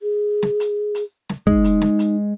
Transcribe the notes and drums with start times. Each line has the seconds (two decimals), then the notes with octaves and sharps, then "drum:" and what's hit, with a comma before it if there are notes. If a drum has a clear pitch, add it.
0.01 G#4
0.43 drum: snare
0.60 drum: hi-hat
0.95 drum: hi-hat
1.29 drum: snare
1.47 G#3 D#4, drum: kick
1.64 drum: hi-hat
1.82 drum: snare
1.99 drum: hi-hat